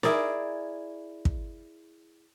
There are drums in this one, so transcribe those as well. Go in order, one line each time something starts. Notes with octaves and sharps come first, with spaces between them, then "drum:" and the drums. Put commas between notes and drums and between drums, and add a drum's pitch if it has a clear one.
E4 G#4 A#4 D5, drum: snare
drum: kick